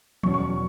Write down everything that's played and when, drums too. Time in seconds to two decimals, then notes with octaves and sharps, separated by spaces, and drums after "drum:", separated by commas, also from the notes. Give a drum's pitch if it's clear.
0.23 E2 B2 F#3 C#4 C#6, drum: tom
0.34 C#6